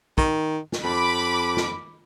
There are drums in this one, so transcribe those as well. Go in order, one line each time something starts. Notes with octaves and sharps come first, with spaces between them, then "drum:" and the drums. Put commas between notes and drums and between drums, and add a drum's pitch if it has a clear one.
D#3, drum: kick
drum: snare
F2 B5 D6
drum: snare